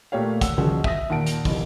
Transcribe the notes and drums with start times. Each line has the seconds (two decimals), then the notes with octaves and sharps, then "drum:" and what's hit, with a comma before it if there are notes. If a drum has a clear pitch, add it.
0.12 A#2 A3 G4 C#5 F5
0.41 F#5 E6, drum: kick, hi-hat
0.57 D#1 C#2 C#3 F3 F#4 G#4
0.84 E5 D#6 A#6, drum: kick
1.10 D#2 A#2 F#5 A5 D7
1.26 drum: hi-hat
1.45 F#1 B1 E2 C3 E3, drum: kick, open hi-hat